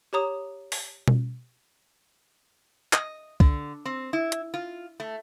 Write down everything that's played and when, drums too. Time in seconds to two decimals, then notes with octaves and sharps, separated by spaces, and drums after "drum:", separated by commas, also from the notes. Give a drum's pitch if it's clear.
0.13 G4 C#5 A#5 D#6
0.72 drum: open hi-hat
1.08 drum: tom B2
2.93 D#5, drum: clap
3.40 D3, drum: kick
3.85 C4
4.13 E4
4.32 drum: hi-hat
4.54 F4
5.00 A3